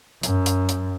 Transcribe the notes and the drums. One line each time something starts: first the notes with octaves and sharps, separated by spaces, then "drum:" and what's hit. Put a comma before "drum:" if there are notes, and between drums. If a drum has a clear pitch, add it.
F#2, drum: hi-hat
drum: hi-hat
drum: hi-hat